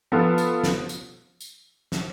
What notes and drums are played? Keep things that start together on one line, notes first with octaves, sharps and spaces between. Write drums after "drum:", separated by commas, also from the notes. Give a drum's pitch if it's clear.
F3 B3 F4 A4
drum: tambourine
drum: snare
drum: tambourine
drum: tambourine
drum: snare